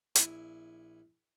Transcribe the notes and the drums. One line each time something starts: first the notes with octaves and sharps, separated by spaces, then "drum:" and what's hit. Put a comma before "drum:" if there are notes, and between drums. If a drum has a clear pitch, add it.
A#1 E4 G#5, drum: hi-hat